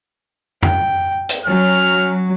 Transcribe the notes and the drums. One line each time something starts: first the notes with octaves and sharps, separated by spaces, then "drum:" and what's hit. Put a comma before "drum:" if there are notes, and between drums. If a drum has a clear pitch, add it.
G5, drum: tom
drum: hi-hat
F#3 C#4 F6